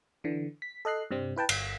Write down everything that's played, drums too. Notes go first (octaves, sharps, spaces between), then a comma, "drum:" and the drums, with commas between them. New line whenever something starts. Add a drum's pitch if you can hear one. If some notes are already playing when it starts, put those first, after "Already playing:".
D3 E3
B6
A4 D#5 F#6 C7
G2 C3 G3 C4
E4 B4 G5 A5
G1 B6, drum: cymbal